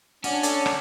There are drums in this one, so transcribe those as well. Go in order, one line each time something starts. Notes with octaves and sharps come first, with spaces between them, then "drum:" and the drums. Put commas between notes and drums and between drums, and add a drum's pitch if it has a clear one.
C#4 D4 F#4 D5, drum: open hi-hat
A4 C#5 D5 A5, drum: hi-hat
drum: rim click